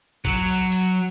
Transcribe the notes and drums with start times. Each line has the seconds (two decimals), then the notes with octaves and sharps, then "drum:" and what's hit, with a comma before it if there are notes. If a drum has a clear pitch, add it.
0.25 F#3, drum: kick, hi-hat
0.48 drum: hi-hat
0.72 drum: hi-hat